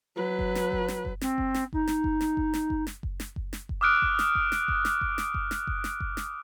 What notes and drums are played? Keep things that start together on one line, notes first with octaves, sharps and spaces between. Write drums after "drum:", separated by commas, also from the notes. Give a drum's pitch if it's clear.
F#3 B4
drum: kick F#1
drum: snare
drum: kick F#1
drum: snare
drum: kick F#1
C4, drum: snare
drum: kick F#1
drum: snare
D#4, drum: kick F#1
drum: snare
drum: kick F#1
drum: snare
drum: kick F#1
drum: snare
drum: kick F#1
drum: snare
drum: kick F#1
drum: snare
drum: kick F#1
drum: snare
drum: kick F#1
D6 D#6 F6 F#6 D7
drum: kick F#1
drum: snare
drum: kick F#1
drum: snare
drum: kick F#1
drum: snare
drum: kick F#1
drum: snare
drum: kick F#1
drum: snare
drum: kick F#1
drum: snare
drum: kick F#1
drum: snare